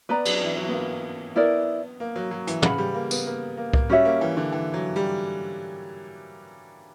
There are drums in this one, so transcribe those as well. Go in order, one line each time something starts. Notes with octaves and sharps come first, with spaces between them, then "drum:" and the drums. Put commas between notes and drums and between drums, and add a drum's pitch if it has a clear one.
B3 B4 D5 A#5
F#3, drum: cymbal
E3
F#3
B3
A#3
B3 E4 A#4 D5
A#3
F#3
F#3
E3, drum: hi-hat
C#3 B4 F#5 B5, drum: tom
G3
A#3
B3, drum: tambourine
A#3
A#3
A#3, drum: kick C2
G3 C#4 F#4 C#5 E5
A#3
E3
D3
E3
F#3
G3